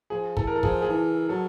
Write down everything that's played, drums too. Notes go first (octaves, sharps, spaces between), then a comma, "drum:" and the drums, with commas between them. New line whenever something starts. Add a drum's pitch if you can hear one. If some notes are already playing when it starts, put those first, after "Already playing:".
F3 G#4
E3 A4, drum: kick
A#4
A4
F3 G#4, drum: kick
G#4
E3 A4
F#3 A4